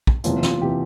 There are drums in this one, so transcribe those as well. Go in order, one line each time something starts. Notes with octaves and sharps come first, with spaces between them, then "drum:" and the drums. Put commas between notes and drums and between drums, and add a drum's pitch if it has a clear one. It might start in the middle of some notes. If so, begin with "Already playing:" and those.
drum: kick
F#1 E2 C3 E3 F4, drum: hi-hat
F4, drum: snare
C3 E3 G4